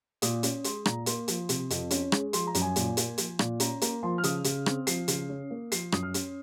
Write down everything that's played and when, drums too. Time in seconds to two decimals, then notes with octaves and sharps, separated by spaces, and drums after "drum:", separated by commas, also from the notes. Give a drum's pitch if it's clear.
0.22 A#2 D#6, drum: hi-hat
0.43 C#4, drum: hi-hat
0.64 G#3 C6, drum: hi-hat
0.86 A#2 A#5, drum: rim click
1.06 A#3 C6, drum: hi-hat
1.28 F3, drum: hi-hat
1.49 C3, drum: hi-hat
1.70 F2, drum: hi-hat
1.91 C#4, drum: hi-hat
2.12 G#3, drum: rim click
2.33 F3 C6, drum: hi-hat
2.47 A#5
2.55 F#2, drum: hi-hat
2.62 G#5
2.76 A#2, drum: hi-hat
2.97 A#3, drum: hi-hat
3.18 F3, drum: hi-hat
3.39 A#2, drum: rim click
3.60 C#4 A#5, drum: hi-hat
3.81 A#3 A#5, drum: hi-hat
4.03 F3 C6
4.18 F6
4.24 C#3 D#6, drum: hi-hat
4.44 C#3, drum: hi-hat
4.66 C4, drum: rim click
4.87 F3 C7, drum: hi-hat
5.08 C#3, drum: hi-hat
5.29 C#4
5.50 A#3
5.72 F3 C7, drum: hi-hat
5.92 F#2 D#6, drum: rim click
6.03 F6
6.14 C#4, drum: hi-hat